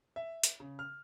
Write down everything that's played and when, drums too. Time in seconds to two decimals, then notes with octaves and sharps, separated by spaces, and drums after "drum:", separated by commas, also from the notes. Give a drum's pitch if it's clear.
0.16 E5
0.43 drum: hi-hat
0.60 C#3
0.79 F6